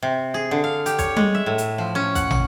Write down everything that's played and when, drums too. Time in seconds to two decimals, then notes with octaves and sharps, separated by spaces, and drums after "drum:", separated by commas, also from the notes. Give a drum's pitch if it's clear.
0.03 C3
0.34 G#4
0.51 D3
0.64 F5
0.86 G4, drum: hi-hat
0.99 C#5, drum: kick, hi-hat
1.16 G#3, drum: tom G3
1.35 E5
1.46 A2
1.58 drum: hi-hat
1.78 F3
1.95 C#4
2.15 F#5, drum: kick, hi-hat
2.30 drum: tom